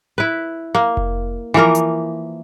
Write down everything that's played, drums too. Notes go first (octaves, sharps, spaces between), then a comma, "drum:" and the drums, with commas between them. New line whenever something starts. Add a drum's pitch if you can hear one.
E4 B4
A#3
drum: kick F1
E3 F3 A#3 A#4
drum: hi-hat